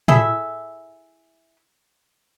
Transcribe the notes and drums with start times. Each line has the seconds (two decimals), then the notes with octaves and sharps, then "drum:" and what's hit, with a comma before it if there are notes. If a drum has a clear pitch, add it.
0.08 E4 G#4 A4 E5, drum: tom